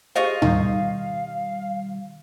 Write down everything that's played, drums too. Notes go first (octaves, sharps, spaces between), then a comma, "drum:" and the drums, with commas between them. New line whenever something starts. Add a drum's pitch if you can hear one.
F4 G4 G#4 C5 D#5 F5 C#6
B2 D#3 G3 D#4, drum: tom